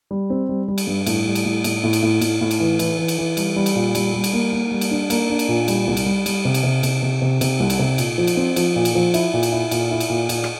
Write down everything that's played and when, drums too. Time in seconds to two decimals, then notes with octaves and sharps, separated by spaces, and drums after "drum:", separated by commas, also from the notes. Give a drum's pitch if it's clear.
0.11 G3
0.30 C4
0.49 G3
0.68 G3
0.78 drum: cymbal
0.87 G2
1.06 A2, drum: cymbal
1.26 G3
1.35 drum: cymbal
1.45 A2
1.64 A2, drum: cymbal
1.83 A2
1.93 drum: cymbal
2.03 A2
2.21 A2, drum: cymbal
2.41 A2
2.51 drum: cymbal
2.60 E3
2.79 E3, drum: cymbal
2.99 E3
3.08 drum: cymbal
3.18 E3
3.37 G3, drum: cymbal
3.56 G3
3.66 drum: cymbal
3.76 A#2
3.95 G3, drum: cymbal
4.14 G3
4.24 drum: cymbal
4.33 A#3
4.52 A#3
4.72 G3
4.81 drum: cymbal
4.91 D4
5.10 A#3, drum: cymbal
5.30 D4
5.39 drum: cymbal
5.49 A#2
5.68 G3, drum: cymbal
5.87 C2
5.97 drum: cymbal
6.06 G3
6.26 G3, drum: cymbal
6.45 C3
6.54 drum: cymbal
6.63 C3
6.83 C3, drum: cymbal
7.02 C3
7.22 C3
7.41 C3, drum: cymbal
7.60 C2
7.70 drum: cymbal
7.79 C3
7.98 A#2, drum: cymbal
8.18 F3
8.27 drum: cymbal
8.37 C4
8.56 F3, drum: cymbal
8.76 A#2
8.85 drum: cymbal
8.95 F3
9.14 E4, drum: cymbal
9.34 A#2
9.43 drum: cymbal
9.52 E4
9.71 A#2, drum: cymbal
9.91 E4
10.00 drum: cymbal
10.10 A#2
10.29 A#2, drum: cymbal
10.44 drum: rim click